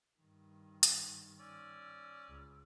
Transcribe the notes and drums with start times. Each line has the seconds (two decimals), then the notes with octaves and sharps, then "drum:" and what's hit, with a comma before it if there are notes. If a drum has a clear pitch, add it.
0.19 G2 D#3
0.83 drum: hi-hat
1.39 C#4 D5 E6
2.28 C#2